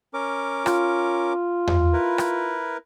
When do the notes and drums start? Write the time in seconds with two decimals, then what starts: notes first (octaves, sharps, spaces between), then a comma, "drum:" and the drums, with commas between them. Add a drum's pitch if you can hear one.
0.14 C#4 A#4 D6
0.66 F4, drum: rim click
1.67 drum: tom E2
1.93 E4 A#4 B4
2.18 drum: rim click